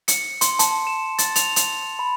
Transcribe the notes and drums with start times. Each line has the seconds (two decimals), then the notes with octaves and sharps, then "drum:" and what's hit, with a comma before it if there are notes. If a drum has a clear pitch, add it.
0.08 C#7, drum: hi-hat
0.41 C6, drum: hi-hat
0.59 A5, drum: hi-hat
0.87 E7
1.18 A6, drum: hi-hat
1.36 F7, drum: hi-hat
1.56 drum: hi-hat
1.99 B5